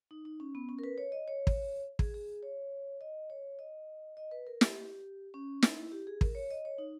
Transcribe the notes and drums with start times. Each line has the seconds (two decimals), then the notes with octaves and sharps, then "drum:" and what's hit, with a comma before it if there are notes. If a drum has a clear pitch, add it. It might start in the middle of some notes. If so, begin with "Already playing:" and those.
0.11 D#4
0.25 D#4
0.40 C#4
0.55 B3
0.69 C#4
0.79 A#4
0.84 B4
0.98 C#5
1.12 D#5
1.28 C#5
1.47 drum: kick
1.99 G#4, drum: kick
2.14 G#4
2.43 C#5
3.01 D#5
3.30 C#5
3.59 D#5
4.17 D#5
4.31 B4
4.47 A#4
4.61 G4, drum: snare
5.34 C#4
5.62 D#4, drum: snare
5.77 E4
5.92 G4
6.07 G#4
6.21 A#4, drum: kick
6.35 C#5
6.51 D#5
6.65 C#5
6.78 D#4